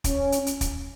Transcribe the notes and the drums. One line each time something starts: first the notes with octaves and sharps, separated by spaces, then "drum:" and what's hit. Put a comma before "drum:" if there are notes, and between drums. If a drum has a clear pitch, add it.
C#4, drum: kick, hi-hat
drum: hi-hat
drum: hi-hat
drum: kick, hi-hat